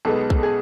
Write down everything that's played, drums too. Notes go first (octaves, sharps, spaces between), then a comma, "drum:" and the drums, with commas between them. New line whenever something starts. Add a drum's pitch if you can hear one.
B1 B2 G#3 B3 A4
drum: kick B1
G#4